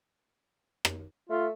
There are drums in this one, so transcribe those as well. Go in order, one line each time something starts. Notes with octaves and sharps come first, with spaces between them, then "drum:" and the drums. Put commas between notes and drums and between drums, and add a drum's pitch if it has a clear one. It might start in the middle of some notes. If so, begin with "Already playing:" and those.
drum: rim click
A3 F4